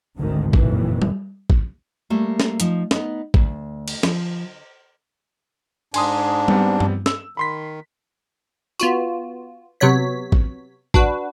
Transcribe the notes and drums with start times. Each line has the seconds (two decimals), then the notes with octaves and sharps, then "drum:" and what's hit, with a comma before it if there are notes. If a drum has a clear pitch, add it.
0.18 G#1 D2 G#2 D3 D#3
0.53 F#1 F2 A#2 D#3 E3, drum: kick
1.02 drum: tom G3
1.50 drum: kick
2.10 G3 A3 A#3
2.40 drum: snare
2.60 F3 D#4, drum: hi-hat
2.91 B3 D#4, drum: snare
3.34 D2, drum: kick
3.88 drum: cymbal
4.03 F3, drum: snare
5.94 G#2 D4 G#5 C6 D#6, drum: cymbal
6.48 G3 B3 C4, drum: tom G3
6.80 drum: tom G2
7.06 E6, drum: snare
7.37 D#3 B5 C6 B6
8.80 B3 F4 F#4, drum: tambourine
9.80 C3 F#3 B3 C#5 B6
10.32 drum: kick
10.94 D4 F#4 B4, drum: kick